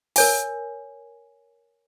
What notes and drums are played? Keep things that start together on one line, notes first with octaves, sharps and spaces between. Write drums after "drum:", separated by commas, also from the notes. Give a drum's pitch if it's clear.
A#4 C#5 G#5, drum: open hi-hat